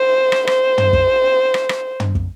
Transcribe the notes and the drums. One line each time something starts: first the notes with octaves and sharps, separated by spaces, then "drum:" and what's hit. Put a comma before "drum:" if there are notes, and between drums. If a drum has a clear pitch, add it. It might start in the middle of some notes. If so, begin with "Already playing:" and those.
Already playing: C5
drum: rim click
C5, drum: rim click
drum: tom
drum: kick
drum: rim click
drum: rim click
drum: tom
drum: kick